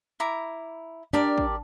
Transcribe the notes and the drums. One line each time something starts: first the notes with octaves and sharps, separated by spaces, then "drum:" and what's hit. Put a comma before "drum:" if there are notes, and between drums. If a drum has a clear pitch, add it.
E4 A#5 D6
D4 G4 A#4 D5
drum: kick